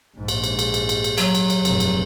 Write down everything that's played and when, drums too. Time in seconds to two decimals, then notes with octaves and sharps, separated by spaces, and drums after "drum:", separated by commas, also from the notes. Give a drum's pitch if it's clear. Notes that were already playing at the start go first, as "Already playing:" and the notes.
0.17 A#1 G#2
0.28 drum: cymbal
0.44 drum: cymbal
0.59 drum: cymbal
0.74 drum: cymbal
0.89 drum: cymbal
1.04 drum: cymbal
1.18 F#3, drum: cymbal
1.35 drum: cymbal
1.50 drum: cymbal
1.65 F1 A#1 G2, drum: cymbal
1.80 drum: cymbal